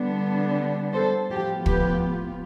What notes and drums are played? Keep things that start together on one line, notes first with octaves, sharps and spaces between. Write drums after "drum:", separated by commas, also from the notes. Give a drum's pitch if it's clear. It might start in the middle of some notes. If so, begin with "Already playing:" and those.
Already playing: D3 G3 B3 D4
A4 C5
A2 F3 B3 F4 G4
G4 B4, drum: kick